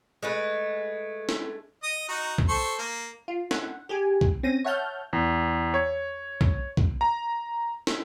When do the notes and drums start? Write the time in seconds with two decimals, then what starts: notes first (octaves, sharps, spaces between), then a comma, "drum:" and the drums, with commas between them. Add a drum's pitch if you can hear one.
0.22 G#3 A3 B4
1.29 drum: snare
1.83 D#5 D#6
2.09 D#4 F#4 A#5
2.38 drum: kick B1
2.48 A4 C5 C#6
2.79 A#3
3.28 F4
3.51 F#5, drum: snare
3.89 G4 G#4 G#5
4.21 drum: kick B1
4.43 C4 C#4 A#6 D#7
4.65 C#5 E5 F#5 A5 F6 G6
5.13 E2
5.74 C#5
6.41 drum: kick B1
6.77 drum: kick B1
7.01 A#5
7.87 drum: snare